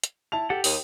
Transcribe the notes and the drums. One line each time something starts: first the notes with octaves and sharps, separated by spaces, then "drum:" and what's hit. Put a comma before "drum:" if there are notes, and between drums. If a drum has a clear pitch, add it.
drum: hi-hat
E4 A5 F7
G4 A4 F#5
D#2 D#6, drum: open hi-hat